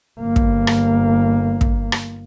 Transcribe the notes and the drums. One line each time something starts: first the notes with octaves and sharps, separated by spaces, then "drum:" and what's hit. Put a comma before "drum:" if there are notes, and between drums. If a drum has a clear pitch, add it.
G1 A#3
drum: kick
drum: rim click
drum: kick
drum: rim click